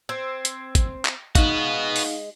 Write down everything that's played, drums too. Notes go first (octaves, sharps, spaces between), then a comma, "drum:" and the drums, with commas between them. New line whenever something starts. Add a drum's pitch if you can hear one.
C4 E6 G#6
drum: hi-hat
drum: kick, hi-hat
drum: clap
G#3 B3 D#4 F#4 F5, drum: kick, hi-hat
drum: open hi-hat